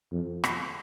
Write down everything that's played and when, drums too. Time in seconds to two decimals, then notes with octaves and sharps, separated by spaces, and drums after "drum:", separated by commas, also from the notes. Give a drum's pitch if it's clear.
0.12 F2
0.44 drum: rim click